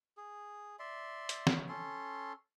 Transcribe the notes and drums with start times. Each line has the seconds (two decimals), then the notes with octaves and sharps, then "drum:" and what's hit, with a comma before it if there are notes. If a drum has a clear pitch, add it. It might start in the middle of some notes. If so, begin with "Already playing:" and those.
0.17 G#4
0.79 D5 E5 C6
1.29 drum: hi-hat
1.47 drum: snare
1.69 C#4 A4 C6